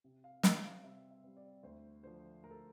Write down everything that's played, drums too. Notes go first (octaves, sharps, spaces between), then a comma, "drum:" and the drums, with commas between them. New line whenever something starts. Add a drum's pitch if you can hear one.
C3
F5
G3 C4 F5, drum: snare
E5
F5
C3 E5
E5
G3 C4
D5
D2 C5
D3 F3 C5
D2 A#4
A4